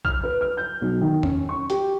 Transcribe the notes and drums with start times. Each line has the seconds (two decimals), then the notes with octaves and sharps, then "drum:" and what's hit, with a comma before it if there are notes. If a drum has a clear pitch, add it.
0.05 F6, drum: kick
0.23 B4
0.41 F6
0.57 G6
0.82 B1
1.01 D#3
1.23 C#4, drum: tom E2
1.49 C#6
1.70 G4, drum: hi-hat